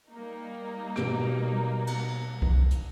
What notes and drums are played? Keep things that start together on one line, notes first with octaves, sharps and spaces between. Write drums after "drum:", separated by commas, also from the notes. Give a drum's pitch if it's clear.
G3 A#3 D#4
B2 G4 D7, drum: rim click
drum: cymbal
drum: kick C2
drum: hi-hat